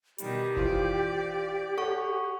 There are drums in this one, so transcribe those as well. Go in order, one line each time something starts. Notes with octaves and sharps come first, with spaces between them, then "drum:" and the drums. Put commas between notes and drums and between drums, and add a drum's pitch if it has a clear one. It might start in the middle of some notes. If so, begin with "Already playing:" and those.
B2 D#3 G3 G4, drum: hi-hat
E3 F4 C5 D5, drum: kick F#1
A4 C#5 F#5 C#6